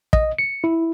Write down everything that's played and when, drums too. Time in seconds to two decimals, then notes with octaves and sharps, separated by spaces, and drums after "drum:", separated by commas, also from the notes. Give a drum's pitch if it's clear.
0.13 D#5, drum: kick
0.39 C#7
0.64 E4